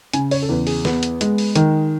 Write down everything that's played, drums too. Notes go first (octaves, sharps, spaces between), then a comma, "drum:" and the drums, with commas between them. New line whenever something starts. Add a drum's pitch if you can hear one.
C#3 G#5, drum: hi-hat
C#5, drum: open hi-hat
A4
E2 B4
G#4, drum: open hi-hat
B3, drum: snare
drum: hi-hat
G#3, drum: hi-hat
drum: open hi-hat
D#3, drum: hi-hat